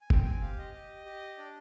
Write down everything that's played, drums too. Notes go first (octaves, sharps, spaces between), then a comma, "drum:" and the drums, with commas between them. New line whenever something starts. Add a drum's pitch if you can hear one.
G#5
C4 G5, drum: kick
G#5
G4 F5
D#5
G4
G4
D4 D5